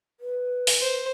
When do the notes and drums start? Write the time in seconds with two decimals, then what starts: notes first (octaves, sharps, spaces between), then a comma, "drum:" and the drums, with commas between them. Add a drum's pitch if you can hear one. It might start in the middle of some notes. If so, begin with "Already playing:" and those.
0.20 B4
0.67 drum: open hi-hat
0.80 C5